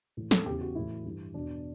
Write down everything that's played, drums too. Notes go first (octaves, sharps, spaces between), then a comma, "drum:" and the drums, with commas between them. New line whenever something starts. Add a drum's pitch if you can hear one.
A2 E3
A4, drum: snare
E2 C#3 E3 G4
F#4
A2 E3 E4
G2 E3
E2 B2 D4